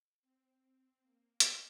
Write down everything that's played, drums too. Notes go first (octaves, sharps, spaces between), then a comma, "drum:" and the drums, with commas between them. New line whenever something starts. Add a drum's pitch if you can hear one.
C4
A#3
drum: hi-hat